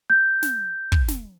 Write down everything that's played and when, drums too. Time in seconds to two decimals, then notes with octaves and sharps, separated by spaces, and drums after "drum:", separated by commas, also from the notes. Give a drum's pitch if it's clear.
0.10 G6
0.43 drum: snare
0.92 drum: kick
1.08 drum: snare